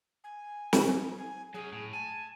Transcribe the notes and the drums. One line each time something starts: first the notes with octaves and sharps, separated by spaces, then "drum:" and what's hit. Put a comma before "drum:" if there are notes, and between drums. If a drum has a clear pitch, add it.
G#5
drum: snare
G#5
F#3 C#4 G#4
A2
G#5 A5